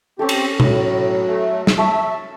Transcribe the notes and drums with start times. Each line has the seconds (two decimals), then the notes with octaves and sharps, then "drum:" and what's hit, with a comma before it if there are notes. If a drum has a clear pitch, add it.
0.19 C4 C#4 G4 A4
0.29 drum: cymbal
0.60 A2 F#3, drum: tom B2
1.27 A3
1.67 drum: snare
1.78 E5 A5 C#6